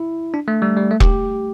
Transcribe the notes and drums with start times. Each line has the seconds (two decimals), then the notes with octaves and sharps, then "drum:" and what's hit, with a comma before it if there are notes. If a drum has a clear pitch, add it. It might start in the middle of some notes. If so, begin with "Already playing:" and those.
Already playing: E4
0.34 D4
0.48 A3
0.62 G3
0.77 G3
0.91 A3
1.00 G4, drum: kick E1